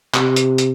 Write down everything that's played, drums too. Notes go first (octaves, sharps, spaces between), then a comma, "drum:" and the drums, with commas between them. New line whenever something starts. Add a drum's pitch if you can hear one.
C3, drum: clap
drum: hi-hat
drum: hi-hat